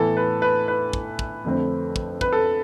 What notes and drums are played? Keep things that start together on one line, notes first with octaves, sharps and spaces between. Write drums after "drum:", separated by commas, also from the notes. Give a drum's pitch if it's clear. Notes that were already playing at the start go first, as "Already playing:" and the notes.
Already playing: A2 E3 B3 A4
B4
B4
B4
drum: kick
drum: kick
F2 D3 A3 C4
drum: kick
B4, drum: kick
A4